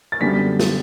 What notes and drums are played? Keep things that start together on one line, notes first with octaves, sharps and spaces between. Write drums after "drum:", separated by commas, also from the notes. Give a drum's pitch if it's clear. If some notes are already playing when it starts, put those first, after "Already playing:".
A6
F#2 D3 G3 B3 B6
drum: snare